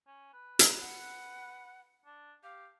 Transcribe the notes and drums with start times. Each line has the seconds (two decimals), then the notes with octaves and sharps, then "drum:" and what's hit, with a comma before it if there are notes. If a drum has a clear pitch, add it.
0.07 C#4
0.33 B4
0.59 A#5, drum: hi-hat
0.81 F#5
2.05 D4
2.43 G4 F5